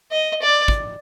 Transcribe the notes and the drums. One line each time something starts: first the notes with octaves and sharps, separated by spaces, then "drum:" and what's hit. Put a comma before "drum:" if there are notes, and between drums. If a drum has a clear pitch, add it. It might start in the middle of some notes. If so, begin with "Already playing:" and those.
D#5
D5
drum: kick